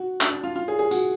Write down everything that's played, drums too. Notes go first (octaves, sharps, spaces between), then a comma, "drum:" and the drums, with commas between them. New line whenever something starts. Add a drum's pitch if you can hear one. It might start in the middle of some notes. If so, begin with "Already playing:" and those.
Already playing: F#4
D4, drum: clap
D4
F4
F4
G#4
G#4
F#4, drum: tambourine